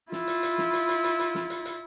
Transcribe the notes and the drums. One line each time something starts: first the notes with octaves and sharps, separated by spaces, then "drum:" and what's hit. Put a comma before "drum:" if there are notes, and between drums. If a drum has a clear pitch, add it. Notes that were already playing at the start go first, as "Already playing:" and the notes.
E4 F4, drum: snare
drum: hi-hat
drum: hi-hat
drum: snare
drum: hi-hat
drum: hi-hat
drum: hi-hat
drum: hi-hat
drum: snare
drum: hi-hat
drum: hi-hat